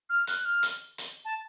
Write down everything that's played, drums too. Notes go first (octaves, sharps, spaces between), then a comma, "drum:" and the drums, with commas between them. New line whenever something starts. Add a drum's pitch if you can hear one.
F6
F#6, drum: hi-hat
F6
drum: hi-hat
drum: hi-hat
A5